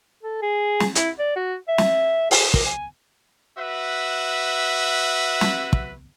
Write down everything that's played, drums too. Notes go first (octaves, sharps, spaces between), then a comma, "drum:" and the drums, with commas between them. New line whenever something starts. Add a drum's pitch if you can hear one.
A4
G#4
drum: snare
E4, drum: hi-hat
D5
F#4
E5
drum: snare
G#4, drum: open hi-hat
A#4, drum: kick
G#5
F#4 B4 E5
drum: snare
drum: kick